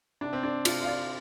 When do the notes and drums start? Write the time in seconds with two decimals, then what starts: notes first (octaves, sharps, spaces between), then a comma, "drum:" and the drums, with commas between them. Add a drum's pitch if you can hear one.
0.21 C3 D4
0.33 C4
0.43 D4
0.65 C3 F4, drum: cymbal
0.83 F5
0.87 D5